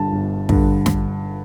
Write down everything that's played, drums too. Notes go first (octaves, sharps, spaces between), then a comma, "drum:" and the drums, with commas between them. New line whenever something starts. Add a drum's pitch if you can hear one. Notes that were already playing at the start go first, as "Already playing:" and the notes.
Already playing: G1 G2 D3 A5
G1
G2 D3, drum: kick
drum: snare